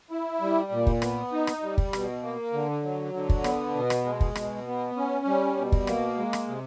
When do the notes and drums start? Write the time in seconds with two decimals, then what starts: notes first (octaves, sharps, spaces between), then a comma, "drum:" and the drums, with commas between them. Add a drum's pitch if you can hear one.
0.11 E4
0.41 G3
0.72 A#2
0.87 drum: kick
1.02 B3, drum: rim click
1.32 D#4
1.47 drum: rim click
1.63 G3
1.78 drum: kick
1.93 B2, drum: rim click
2.23 A#3
2.53 D3
2.84 F#3
3.14 D3
3.29 drum: kick
3.44 B3, drum: rim click
3.75 B2
3.90 drum: rim click
4.05 G#3
4.20 drum: kick
4.35 B2, drum: rim click
4.67 B3
4.97 C#4
5.26 G3
5.57 B2
5.72 drum: kick
5.87 A#3, drum: rim click
6.17 G#3
6.33 drum: rim click
6.48 C3